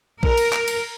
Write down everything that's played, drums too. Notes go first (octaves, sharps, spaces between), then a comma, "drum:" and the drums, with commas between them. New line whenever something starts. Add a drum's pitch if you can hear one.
A#4, drum: kick A#1
drum: cymbal
drum: clap
drum: cymbal